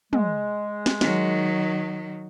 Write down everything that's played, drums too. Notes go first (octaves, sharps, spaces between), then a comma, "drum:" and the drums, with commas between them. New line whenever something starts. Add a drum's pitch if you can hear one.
G#3, drum: tom
drum: snare
D#3 F#3, drum: snare